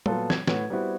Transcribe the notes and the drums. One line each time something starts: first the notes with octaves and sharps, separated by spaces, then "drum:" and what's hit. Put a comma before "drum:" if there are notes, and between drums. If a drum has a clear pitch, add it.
A#2 F#3 B3 F4 A4, drum: tom G3
G#6, drum: snare
A2 B4 C#5 F#5, drum: snare
G3 B3 C4 E4 F#4